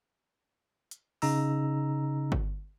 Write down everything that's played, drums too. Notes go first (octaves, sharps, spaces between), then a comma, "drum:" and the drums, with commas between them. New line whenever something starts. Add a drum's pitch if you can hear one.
drum: hi-hat
C#3 D#4 A#5 E6, drum: open hi-hat
drum: kick G1